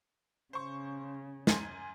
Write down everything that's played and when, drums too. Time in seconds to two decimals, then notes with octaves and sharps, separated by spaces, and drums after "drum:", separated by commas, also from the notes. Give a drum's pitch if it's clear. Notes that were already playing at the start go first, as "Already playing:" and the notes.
0.53 C#3 C5 C#6
1.47 F#2 G#5 C6, drum: snare